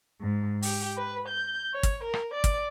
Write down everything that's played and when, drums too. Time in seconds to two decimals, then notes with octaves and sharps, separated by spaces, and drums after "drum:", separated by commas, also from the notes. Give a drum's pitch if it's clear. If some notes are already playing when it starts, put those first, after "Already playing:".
0.19 G#2
0.62 G4, drum: open hi-hat
0.97 B4
1.27 G6
1.73 C#5
1.83 drum: kick, hi-hat
2.03 A#4
2.14 drum: rim click
2.34 D5
2.44 drum: kick, hi-hat